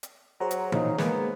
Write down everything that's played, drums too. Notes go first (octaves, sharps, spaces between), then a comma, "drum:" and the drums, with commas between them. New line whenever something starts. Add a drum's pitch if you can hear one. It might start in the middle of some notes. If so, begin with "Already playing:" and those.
drum: hi-hat
F#3 G#4 C5 A#5
drum: hi-hat
A#2 C#3 D#4, drum: tom E3
G#3 A#3 B3, drum: snare